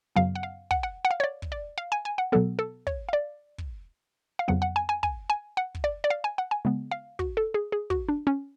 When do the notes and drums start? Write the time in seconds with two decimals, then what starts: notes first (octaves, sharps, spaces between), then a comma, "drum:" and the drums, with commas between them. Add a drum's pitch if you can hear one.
0.16 F#2 C#3 F#3 B3 F5
0.35 F#5
0.43 F5
0.71 F#5, drum: kick
0.83 F#5
1.05 F#5
1.11 F5
1.20 C#5
1.24 D5
1.42 drum: kick
1.52 D5
1.78 F5
1.92 G#5
2.05 G#5
2.18 F#5
2.32 B2 F#3 B3 A4
2.59 A4
2.87 C#5, drum: kick
3.09 F5
3.13 D5
3.58 drum: kick
4.39 F5
4.48 F2 C#3 F#3 B3 F#5
4.62 F#5
4.76 G#5
4.89 G#5
5.03 G#5, drum: kick
5.30 G#5
5.57 F#5
5.75 drum: kick
5.84 D5
6.04 D5
6.10 F5
6.24 G#5
6.38 F#5
6.51 G#5
6.65 C#3 G#3 B3
6.91 F5
7.19 F#4, drum: kick
7.37 A4
7.54 G#4
7.72 G#4
7.90 F#4, drum: kick
8.09 D4
8.27 C#4